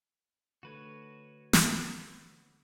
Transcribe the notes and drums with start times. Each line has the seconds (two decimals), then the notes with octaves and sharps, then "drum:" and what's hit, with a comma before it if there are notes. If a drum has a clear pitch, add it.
0.63 D3 A3 F#4 A4 B4 C#5
1.53 drum: snare